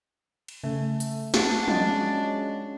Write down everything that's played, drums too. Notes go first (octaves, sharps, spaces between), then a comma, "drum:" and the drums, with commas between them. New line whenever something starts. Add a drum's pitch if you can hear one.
drum: cymbal
C#3 A3
drum: hi-hat
C4 D4 F#4 G#4, drum: snare
G#3 C#4 F4 G#4 D#5, drum: tom